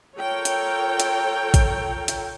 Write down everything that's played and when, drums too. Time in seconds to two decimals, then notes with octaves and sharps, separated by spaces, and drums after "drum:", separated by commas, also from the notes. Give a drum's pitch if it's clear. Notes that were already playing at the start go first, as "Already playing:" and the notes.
0.18 F4 A4 A#4 C#5 G5
0.45 drum: hi-hat
1.00 drum: hi-hat
1.54 drum: kick A1, hi-hat
2.08 drum: hi-hat